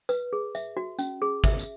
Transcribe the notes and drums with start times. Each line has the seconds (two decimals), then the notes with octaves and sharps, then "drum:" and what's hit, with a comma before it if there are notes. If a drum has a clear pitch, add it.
0.09 B4, drum: tambourine
0.33 G#4
0.55 E5, drum: tambourine
0.77 F#4
0.99 C#4, drum: tambourine
1.22 G#4
1.44 E5, drum: kick, tambourine
1.59 drum: tambourine